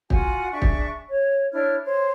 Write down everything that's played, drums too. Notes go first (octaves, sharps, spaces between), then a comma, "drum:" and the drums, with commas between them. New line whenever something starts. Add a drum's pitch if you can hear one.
F4 F#4 F#5 G#5, drum: kick
D4 G#4 E5 C#6
drum: kick
C#5
D4 E4 C#5 F6
C5 C#5